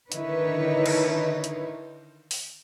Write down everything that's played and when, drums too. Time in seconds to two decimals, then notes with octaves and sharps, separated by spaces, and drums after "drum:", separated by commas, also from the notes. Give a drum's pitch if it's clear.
0.12 D3 D#3 D#4 E4 B4 C#5, drum: hi-hat
0.86 drum: cymbal
1.44 drum: hi-hat
2.31 drum: open hi-hat